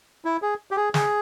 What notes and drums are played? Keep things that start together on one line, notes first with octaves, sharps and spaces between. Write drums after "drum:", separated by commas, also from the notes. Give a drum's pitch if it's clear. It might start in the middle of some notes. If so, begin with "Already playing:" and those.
E4
G#4
G4
G#4
G#4, drum: snare